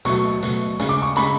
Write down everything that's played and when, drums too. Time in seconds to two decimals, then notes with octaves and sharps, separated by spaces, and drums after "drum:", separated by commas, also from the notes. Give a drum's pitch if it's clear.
0.05 B2 F#3 A3 C#6, drum: hi-hat
0.43 B2 F#3 A3, drum: hi-hat
0.80 C#3 G#3, drum: hi-hat
0.89 D6
1.02 C#6
1.16 C#3 G#3 B5, drum: hi-hat